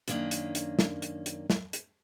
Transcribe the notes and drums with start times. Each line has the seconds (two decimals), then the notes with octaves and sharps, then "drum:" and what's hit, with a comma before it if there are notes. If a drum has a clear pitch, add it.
0.08 F#2 D#3 A#3 C#4 D4, drum: hi-hat
0.31 drum: hi-hat
0.55 drum: hi-hat
0.79 drum: snare
1.02 drum: hi-hat
1.26 drum: hi-hat
1.50 drum: snare
1.73 drum: hi-hat